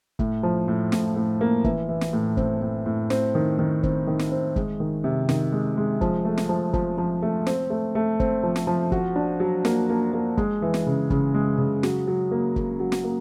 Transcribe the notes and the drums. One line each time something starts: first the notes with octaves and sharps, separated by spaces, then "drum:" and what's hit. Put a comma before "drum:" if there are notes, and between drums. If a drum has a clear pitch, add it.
A2, drum: kick
F3
A2
A2, drum: snare
A2
A#3
E3, drum: kick
E3
drum: snare
A2
C4, drum: kick
A2
A2
C4, drum: snare
D#3
D#3
C4, drum: kick
D#3
drum: snare
C4
G#3, drum: kick
D#3
C3
D#3, drum: snare
G#3
G#3
F3, drum: kick
A3
drum: snare
F3
F3, drum: kick
F3
A3
C4, drum: snare
A3
A3
C4, drum: kick
F3
drum: snare
F3
F#4, drum: kick
D4
F#3
A#3, drum: snare
A#3
A#3
G#3, drum: kick
E3
drum: snare
C#3
C#3, drum: kick
G#3
C#3
F#3, drum: snare
F#3
A#3
A#3, drum: kick
F#3
drum: snare
A#3